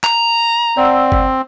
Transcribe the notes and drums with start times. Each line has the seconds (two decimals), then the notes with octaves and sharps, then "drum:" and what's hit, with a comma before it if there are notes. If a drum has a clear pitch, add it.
0.04 A#5, drum: clap
0.77 C4 D5 F#5 E6
1.12 drum: kick G1